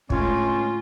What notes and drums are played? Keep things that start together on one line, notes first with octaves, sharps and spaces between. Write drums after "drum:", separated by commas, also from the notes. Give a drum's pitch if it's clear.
A2 D3 G#3 C#4 F4 C#5, drum: kick